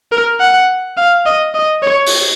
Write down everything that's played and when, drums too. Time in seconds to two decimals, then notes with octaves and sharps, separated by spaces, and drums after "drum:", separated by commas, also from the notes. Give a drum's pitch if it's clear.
0.12 A#4
0.41 F#5
0.97 F5
1.26 D#5
1.55 D#5
1.83 C#5
2.06 drum: open hi-hat